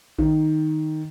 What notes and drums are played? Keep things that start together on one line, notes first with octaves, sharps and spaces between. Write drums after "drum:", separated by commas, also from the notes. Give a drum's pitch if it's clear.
D#3, drum: kick A#1